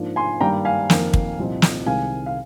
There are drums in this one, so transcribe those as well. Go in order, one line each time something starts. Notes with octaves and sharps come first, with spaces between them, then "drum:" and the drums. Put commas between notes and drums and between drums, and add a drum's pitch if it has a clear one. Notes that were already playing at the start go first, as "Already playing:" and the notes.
Already playing: G#2 F3 A#3 D4
G#5 C6
G2 D#3 G3 A#3 D4 G5 A#5
F5 G#5
F2 D#3 A#3, drum: snare
drum: kick
C2 A#2 F3 C4 D#4
drum: snare
C2 C3 D#3 G#3 F5 G#5
F5